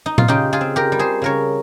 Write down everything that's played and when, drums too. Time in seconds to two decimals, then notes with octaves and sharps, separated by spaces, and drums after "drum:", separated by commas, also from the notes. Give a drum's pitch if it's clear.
0.06 D#4
0.18 F4, drum: tom A#2
0.28 C#3 D#4 G4
0.53 F4 G#4
0.61 C4
0.76 G4 A#4
0.92 G3
0.99 G#4 C5
1.22 C#3 A#4 C#5